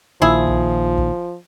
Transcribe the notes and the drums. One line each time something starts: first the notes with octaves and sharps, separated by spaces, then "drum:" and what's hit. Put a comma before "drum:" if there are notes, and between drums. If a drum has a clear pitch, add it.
A#1 A#2 D#3 F3 E4 G#4
drum: kick
drum: kick